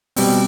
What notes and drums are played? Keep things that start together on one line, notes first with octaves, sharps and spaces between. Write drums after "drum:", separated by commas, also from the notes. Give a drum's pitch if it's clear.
B2 G3 C4, drum: open hi-hat